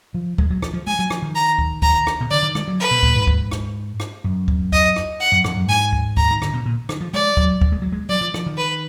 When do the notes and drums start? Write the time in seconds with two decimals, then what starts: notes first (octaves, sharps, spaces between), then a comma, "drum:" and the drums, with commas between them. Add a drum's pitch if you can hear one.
0.14 F3
0.38 G#3, drum: kick D2
0.50 F#3
0.62 F3, drum: rim click
0.74 F3
0.87 G#3 G#5
0.99 F#3
1.10 F3, drum: rim click
1.22 D#3
1.35 A#5
1.59 drum: kick D2
1.82 A#5, drum: kick D2
2.07 drum: rim click
2.20 B2
2.30 D3 D5
2.43 D#3
2.55 G#3, drum: rim click
2.68 F#3
2.79 B4
2.91 B2
3.03 A#2, drum: kick D2
3.15 G#2
3.27 drum: kick D2
3.51 drum: rim click
4.00 drum: rim click
4.24 F#2
4.48 drum: kick D2
4.72 D#5, drum: kick D2
4.96 drum: rim click
5.20 F#5
5.32 F#2
5.44 F2, drum: rim click
5.56 F#2
5.68 G#2 G#5
5.93 drum: kick D2
6.17 A#5, drum: kick D2
6.31 D#3
6.42 D3, drum: rim click
6.54 B2
6.66 A#2
6.89 D#3, drum: rim click
7.01 F3
7.13 G#3 D5
7.37 F#3, drum: kick D2
7.61 drum: kick D2
7.72 G#3
7.82 F#3
7.92 G#3
8.09 F#3 D5
8.21 F3
8.34 F3, drum: rim click
8.46 D#3
8.57 B4